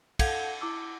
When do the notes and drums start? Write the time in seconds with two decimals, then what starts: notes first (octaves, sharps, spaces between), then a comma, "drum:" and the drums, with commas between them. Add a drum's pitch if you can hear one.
0.19 A4 F5 F#5 G6 G#6 F7, drum: kick, cymbal
0.61 E4 D6 E6